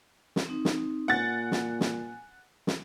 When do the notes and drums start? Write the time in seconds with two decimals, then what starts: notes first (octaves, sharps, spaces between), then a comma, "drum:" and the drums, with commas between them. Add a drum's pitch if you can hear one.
0.36 drum: snare
0.46 C4 D#4
0.65 drum: snare
1.08 A#2 F#5 G#5 A6
1.52 drum: snare
1.80 drum: snare
2.67 drum: snare